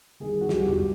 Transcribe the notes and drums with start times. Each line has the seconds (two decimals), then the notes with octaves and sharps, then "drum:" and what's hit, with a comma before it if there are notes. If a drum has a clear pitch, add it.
0.20 D#3 G3 G#4
0.41 F#4
0.49 C2 G4, drum: snare
0.61 F#4
0.68 G4, drum: tom E2
0.77 G3